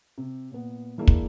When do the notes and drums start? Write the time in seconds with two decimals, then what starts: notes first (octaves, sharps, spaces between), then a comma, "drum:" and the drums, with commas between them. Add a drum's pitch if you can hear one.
0.18 C3
0.51 A#2 B3
0.98 E3 G#3 A#3 D4 E4
1.08 drum: kick